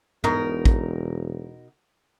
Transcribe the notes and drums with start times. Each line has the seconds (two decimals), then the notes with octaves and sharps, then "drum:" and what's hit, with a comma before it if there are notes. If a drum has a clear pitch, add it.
0.24 E1 B2 D#4 A#4, drum: tom
0.65 drum: kick